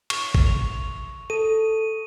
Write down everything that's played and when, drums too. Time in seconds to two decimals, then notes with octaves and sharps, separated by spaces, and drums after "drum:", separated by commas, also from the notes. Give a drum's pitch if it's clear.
0.10 C#6, drum: cymbal
0.35 drum: kick G#1
0.46 F7
1.30 A4 D#7